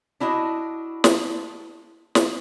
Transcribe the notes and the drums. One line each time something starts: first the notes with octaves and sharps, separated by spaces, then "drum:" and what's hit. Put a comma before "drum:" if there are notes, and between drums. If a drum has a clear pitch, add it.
D4 E4 F#4 D#5
drum: snare
drum: snare